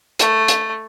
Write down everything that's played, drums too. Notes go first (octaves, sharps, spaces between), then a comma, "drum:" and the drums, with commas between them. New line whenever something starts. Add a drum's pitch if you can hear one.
A3, drum: hi-hat
drum: hi-hat